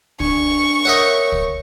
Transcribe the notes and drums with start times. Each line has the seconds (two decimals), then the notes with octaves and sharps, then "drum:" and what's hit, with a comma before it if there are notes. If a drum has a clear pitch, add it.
0.20 D4 C#6, drum: kick
0.85 A#4 C#5 D#5 E5 F#5
1.32 drum: kick